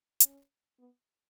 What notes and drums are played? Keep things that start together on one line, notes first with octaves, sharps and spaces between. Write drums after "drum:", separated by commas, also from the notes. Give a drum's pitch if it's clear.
C#4, drum: hi-hat
B3